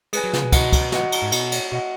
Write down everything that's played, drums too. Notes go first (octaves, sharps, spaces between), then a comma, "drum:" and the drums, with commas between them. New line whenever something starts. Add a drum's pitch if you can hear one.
G#3 G#4 B4 G#5, drum: cymbal
F#3
C#3, drum: snare
B2
F#4 D#5 F#5, drum: kick, cymbal
drum: kick, cymbal
F#4 D#5 F#5, drum: snare
drum: cymbal
G#2
B2 F#4 D#5 F#5, drum: cymbal
drum: cymbal
B2 F#4 D#5 F#5